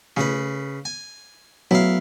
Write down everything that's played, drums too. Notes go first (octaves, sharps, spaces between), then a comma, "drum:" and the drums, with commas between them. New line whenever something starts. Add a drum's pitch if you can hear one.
C#3 B4, drum: snare
G#5
F#3 B3 E4 F5, drum: snare